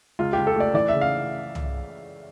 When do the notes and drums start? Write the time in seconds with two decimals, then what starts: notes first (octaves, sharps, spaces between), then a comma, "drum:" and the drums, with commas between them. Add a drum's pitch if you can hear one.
0.19 C#2 F4
0.33 G4
0.38 C#2
0.47 A4
0.56 A3 D5
0.74 E3 D5
0.88 C#3 E5
1.01 F5
1.55 drum: tom